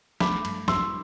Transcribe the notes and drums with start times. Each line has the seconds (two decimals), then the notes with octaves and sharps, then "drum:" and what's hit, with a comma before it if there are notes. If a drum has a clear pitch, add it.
0.20 A3 B5 D6, drum: snare
0.45 G2, drum: cymbal
0.68 G2 C6 E6, drum: snare